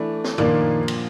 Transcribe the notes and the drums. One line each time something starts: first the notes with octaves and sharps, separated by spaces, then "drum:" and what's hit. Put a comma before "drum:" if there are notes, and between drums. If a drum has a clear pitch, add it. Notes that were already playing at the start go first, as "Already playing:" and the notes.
Already playing: E3 A3 D4
drum: snare
A#2 D#3 F3 A#3 D4 F4, drum: tom F#2
drum: cymbal